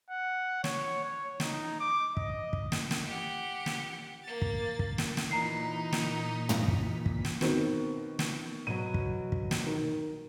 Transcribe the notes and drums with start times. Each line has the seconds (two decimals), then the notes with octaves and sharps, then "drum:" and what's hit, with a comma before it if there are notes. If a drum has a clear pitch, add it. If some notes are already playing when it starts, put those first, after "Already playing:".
0.10 F#5
0.64 C#5, drum: snare
1.05 C#5
1.40 D#4, drum: snare
1.80 D6
2.17 D#5, drum: kick
2.53 drum: kick
2.72 drum: snare
2.91 drum: snare
3.06 G4 F#5
3.66 drum: snare
4.23 A#3 A6
4.42 drum: kick
4.79 drum: kick
4.98 drum: snare
5.17 drum: snare
5.31 A#2 E3 D#4 A#5 B6 C7
5.92 drum: snare
6.49 drum: tom
6.68 drum: kick
7.06 drum: kick
7.25 drum: snare
7.41 B2 D#3 C4, drum: snare
8.19 drum: snare
8.67 B2 F#3 D#7
8.94 drum: kick
9.32 drum: kick
9.51 drum: snare
9.66 D#3